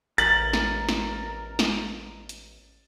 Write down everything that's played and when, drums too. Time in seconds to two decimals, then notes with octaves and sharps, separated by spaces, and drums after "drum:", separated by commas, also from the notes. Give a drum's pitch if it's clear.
0.18 A1 A#4 A6 F#7, drum: hi-hat
0.53 drum: snare
0.89 drum: snare
1.59 drum: snare
2.29 drum: hi-hat